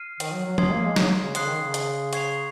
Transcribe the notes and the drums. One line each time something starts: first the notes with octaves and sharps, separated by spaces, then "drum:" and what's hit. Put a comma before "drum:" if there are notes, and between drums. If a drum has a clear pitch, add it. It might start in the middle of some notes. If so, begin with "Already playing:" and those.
Already playing: F6 C7 D#7
D#3, drum: hi-hat
F#3
F#3
F#3 C6 D#6 G#6 C7, drum: tom F3
A#3
G#3
F#3, drum: snare
C#3
C#3 C6 D#6 F#6 C7, drum: hi-hat
D#3
C#3
drum: hi-hat
C#6 G#6 C7 F7, drum: hi-hat